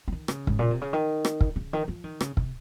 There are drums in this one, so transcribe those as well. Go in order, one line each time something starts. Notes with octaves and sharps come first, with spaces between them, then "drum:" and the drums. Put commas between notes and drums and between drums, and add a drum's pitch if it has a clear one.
F3
D#3
C#3, drum: rim click
G#2, drum: kick
A#2
C3
C#3
D#3
drum: rim click
drum: kick
C#3
D#3
F3
D#3
C#3, drum: rim click
C3, drum: kick